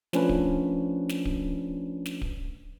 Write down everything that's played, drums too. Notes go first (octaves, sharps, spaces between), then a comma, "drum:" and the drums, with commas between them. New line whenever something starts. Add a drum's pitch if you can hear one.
F3 A3 C#4 D4 B4, drum: snare
drum: kick D1
drum: snare
drum: kick D1
drum: snare
drum: kick D1